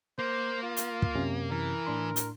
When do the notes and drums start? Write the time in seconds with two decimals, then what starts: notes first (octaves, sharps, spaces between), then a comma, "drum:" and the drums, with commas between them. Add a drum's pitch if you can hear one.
0.19 A#3 C5
0.63 F4
0.77 drum: hi-hat
1.02 drum: kick
1.15 F#2 C3 C#4
1.51 E3 A#4
1.86 A2 D4 C6
2.16 drum: hi-hat